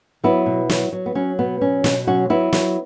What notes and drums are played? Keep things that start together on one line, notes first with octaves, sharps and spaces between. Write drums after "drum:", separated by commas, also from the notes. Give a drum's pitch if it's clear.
F#3 B3 E4
B2
F#3, drum: snare
F#3
B3
F#3 C#4
B2 B3
F#3 C#4
B2, drum: snare
F#3 C#4 F#4
F#3 B3 E4
F#3, drum: snare